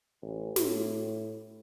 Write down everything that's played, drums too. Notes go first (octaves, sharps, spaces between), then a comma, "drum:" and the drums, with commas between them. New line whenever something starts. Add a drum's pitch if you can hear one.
A1
A2, drum: snare